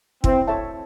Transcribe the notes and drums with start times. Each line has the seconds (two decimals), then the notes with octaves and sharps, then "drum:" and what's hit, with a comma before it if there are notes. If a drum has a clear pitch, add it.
0.24 C4 E4, drum: kick
0.47 A4 C#5 E5 A5